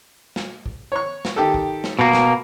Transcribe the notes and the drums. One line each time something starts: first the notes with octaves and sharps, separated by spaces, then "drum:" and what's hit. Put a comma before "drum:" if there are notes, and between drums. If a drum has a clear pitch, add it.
drum: snare
drum: kick
C#5 C#6
drum: snare
D#3 G4 A4
drum: kick
drum: snare
B2 A#3
drum: snare